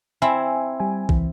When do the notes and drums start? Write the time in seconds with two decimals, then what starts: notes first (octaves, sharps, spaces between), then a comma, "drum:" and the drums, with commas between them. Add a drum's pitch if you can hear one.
0.22 C4 E4 G#5
0.80 G3 G#5
1.09 C#2 E3, drum: kick